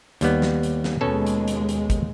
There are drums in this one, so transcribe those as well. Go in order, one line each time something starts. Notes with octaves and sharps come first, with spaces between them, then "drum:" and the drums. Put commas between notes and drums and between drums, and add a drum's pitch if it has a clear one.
D#2 G3 B3, drum: hi-hat
drum: snare
drum: hi-hat
drum: snare
D#2 B2 G#3 C#4 A4
drum: hi-hat
drum: hi-hat
drum: hi-hat
drum: kick, hi-hat